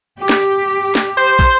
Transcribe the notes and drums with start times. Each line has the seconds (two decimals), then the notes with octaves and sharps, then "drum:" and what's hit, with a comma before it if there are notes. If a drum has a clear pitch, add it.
0.19 G4
0.29 drum: snare
0.95 drum: snare
1.17 C5
1.39 drum: kick